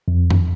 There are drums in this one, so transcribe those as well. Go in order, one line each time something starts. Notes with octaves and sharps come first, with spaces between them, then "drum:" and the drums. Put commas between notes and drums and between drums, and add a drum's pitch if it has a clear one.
F2
drum: tom F#2